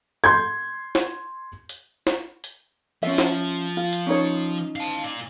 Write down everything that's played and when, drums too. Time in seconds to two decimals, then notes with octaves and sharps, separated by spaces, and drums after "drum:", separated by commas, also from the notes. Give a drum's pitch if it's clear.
0.24 C6 G6 G#6
0.95 drum: snare
1.69 drum: hi-hat
2.07 drum: snare
2.44 drum: hi-hat
3.03 F3 C#4 E5
3.18 drum: snare
3.77 F4
3.93 drum: hi-hat
4.06 C#4 D#4 C#5
4.76 F5 A5
5.04 A#2 D5